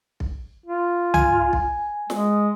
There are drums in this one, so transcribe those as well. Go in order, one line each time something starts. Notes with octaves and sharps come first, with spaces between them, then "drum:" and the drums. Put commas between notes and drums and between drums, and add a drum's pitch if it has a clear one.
drum: kick B1
F4
G#5, drum: tom C2
drum: kick B1
G#3, drum: snare